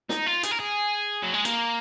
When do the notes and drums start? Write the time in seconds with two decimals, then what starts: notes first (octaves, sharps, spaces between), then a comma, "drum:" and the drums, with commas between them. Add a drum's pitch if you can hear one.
0.09 D#4, drum: snare
0.26 F4
0.43 G#4, drum: hi-hat
0.51 A#4
0.60 G#4
1.23 F#3
1.34 G#3
1.45 A#3, drum: hi-hat